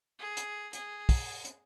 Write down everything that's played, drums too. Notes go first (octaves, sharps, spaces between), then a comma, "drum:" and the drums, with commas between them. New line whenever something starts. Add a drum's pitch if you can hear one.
G#4
drum: hi-hat
G#4, drum: hi-hat
drum: kick, open hi-hat
drum: hi-hat